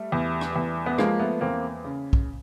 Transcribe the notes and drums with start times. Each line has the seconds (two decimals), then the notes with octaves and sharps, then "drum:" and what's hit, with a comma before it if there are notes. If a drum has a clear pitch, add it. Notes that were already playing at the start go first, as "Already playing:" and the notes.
Already playing: G3 A3
0.12 E2
0.41 drum: rim click
0.56 E2
0.86 B3
0.98 F3 G#3 A#3, drum: rim click
1.19 A3 B3
1.41 E2 A#3 C4
1.85 C#3
2.13 drum: kick